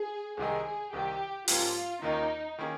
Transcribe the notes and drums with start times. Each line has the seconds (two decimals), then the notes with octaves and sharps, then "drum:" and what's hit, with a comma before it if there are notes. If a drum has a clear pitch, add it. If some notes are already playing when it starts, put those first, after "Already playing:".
Already playing: G#4
0.37 C2 C3 D#3 G#3 D#4 G#4
0.93 C2 C3 D#3 G4
1.48 G#2 F3 A#3 C#4 F4 G4, drum: open hi-hat
2.02 D#2 D#3 A#3 C#4 D#4 F4
2.59 D#3 A#3 C#4 G#4